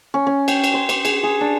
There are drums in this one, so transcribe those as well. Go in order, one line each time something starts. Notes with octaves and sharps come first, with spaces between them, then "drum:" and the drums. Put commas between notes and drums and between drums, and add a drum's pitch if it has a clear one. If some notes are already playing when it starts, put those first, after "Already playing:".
C#4
C#4
G5, drum: cymbal
drum: cymbal
C6
D6, drum: cymbal
G#4, drum: cymbal
G#4
D4